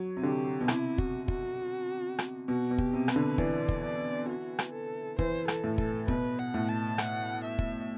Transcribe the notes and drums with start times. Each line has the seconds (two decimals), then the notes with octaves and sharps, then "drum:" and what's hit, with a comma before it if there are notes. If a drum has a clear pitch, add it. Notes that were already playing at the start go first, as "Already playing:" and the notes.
Already playing: F#3
0.17 C3
0.23 D3 G4
0.61 B2
0.68 C3 E4, drum: rim click
0.98 F#4, drum: kick
1.28 F#4, drum: kick
2.19 drum: rim click
2.48 B2 F#4
2.71 B2
2.78 G4, drum: kick
2.93 C3
3.08 B4, drum: rim click
3.16 D3
3.38 E3 D5, drum: kick
3.69 drum: kick
3.84 D5
4.29 F#4
4.59 drum: rim click
4.73 A4
5.19 E3 C5, drum: kick
5.48 A4, drum: rim click
5.64 A2
5.78 A4, drum: kick
6.08 B2 B4, drum: kick
6.39 F#5
6.54 A2
6.69 A5
6.98 F#5, drum: rim click
7.44 E5
7.59 drum: kick